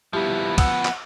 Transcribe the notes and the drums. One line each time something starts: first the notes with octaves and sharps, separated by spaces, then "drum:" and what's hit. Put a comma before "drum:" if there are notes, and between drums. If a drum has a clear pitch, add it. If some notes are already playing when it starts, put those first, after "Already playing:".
F3 G3 B3 E4
F#5 E6, drum: kick, cymbal
drum: clap